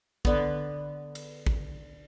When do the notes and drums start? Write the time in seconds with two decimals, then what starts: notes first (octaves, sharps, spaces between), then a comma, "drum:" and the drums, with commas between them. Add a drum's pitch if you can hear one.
0.25 D3 B3, drum: kick A1
1.15 drum: cymbal
1.46 drum: kick A1